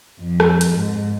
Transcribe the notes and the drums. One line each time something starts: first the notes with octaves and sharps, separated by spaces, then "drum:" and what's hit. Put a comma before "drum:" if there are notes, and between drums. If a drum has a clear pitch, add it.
F2
drum: rim click
drum: hi-hat
G#2